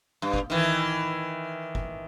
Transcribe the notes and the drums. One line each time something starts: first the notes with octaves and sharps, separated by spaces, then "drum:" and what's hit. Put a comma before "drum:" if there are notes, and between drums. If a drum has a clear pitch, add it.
G2
drum: kick
D#3 E3
drum: kick